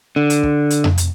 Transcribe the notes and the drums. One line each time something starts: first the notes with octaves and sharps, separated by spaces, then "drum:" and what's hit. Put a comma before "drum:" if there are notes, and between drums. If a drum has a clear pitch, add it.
D3
drum: hi-hat
drum: kick
drum: hi-hat
drum: tom F2
drum: hi-hat